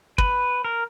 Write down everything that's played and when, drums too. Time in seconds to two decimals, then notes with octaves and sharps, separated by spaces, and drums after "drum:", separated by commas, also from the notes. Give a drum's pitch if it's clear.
0.18 B4, drum: kick
0.65 A#4